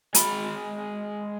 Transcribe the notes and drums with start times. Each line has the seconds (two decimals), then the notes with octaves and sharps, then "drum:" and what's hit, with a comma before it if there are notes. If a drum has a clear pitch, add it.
0.15 G#3 B5, drum: hi-hat